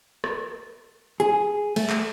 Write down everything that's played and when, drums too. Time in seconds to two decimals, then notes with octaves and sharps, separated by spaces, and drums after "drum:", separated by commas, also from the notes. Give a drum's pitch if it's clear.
0.24 drum: rim click
1.20 G#4, drum: hi-hat
1.76 A3, drum: cymbal
1.90 drum: clap